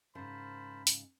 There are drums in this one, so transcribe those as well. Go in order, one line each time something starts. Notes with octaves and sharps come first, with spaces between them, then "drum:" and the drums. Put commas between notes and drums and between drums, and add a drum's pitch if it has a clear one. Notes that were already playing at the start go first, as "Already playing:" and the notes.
G#2 C#3 A#4 C5 A5 B5
drum: open hi-hat